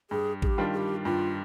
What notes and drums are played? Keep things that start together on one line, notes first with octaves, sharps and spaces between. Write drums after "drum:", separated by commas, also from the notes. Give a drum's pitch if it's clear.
G2 G#4
G#4, drum: kick
G4
D#3 G3 D4 F4
G#4
G4
G2 F4